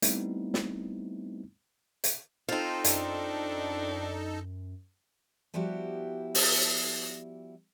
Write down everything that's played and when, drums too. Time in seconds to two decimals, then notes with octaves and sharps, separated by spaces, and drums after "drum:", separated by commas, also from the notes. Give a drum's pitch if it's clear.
0.02 G3 A3 B3 C4 D#4 E4, drum: hi-hat
0.54 drum: snare
2.04 drum: hi-hat
2.49 C4 D#4 F4 A4 C5
2.84 F#2 D4, drum: hi-hat
5.54 F3 G3 B3 E4 F#4 G4
6.35 drum: open hi-hat